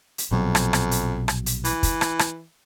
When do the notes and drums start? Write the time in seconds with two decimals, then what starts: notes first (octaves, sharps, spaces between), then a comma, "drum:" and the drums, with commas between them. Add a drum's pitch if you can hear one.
0.18 drum: hi-hat
0.31 A#1 F2 B2 F#3
0.55 drum: rim click
0.73 drum: rim click
0.91 drum: hi-hat
1.28 drum: rim click
1.46 drum: hi-hat
1.64 E3, drum: hi-hat
1.83 drum: kick, hi-hat
2.01 drum: rim click
2.19 drum: rim click